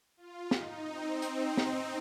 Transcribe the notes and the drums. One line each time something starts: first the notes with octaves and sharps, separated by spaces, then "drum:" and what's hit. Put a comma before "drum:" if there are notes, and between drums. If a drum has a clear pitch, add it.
F4
D#4, drum: snare
C4
drum: hi-hat
drum: snare